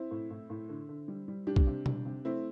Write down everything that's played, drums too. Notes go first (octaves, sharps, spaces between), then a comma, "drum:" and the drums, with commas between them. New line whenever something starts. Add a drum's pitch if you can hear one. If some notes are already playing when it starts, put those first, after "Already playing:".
Already playing: C4 E4
A2
A2
A2
D3
D3
G3
G3
G3 D4 G4
drum: kick B1
C3
G3, drum: tom B2
C3
A3 C4 E4